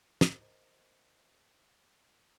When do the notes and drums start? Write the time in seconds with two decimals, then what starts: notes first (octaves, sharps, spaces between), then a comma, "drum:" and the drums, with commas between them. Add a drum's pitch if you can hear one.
0.21 A#4 C5 D#5, drum: snare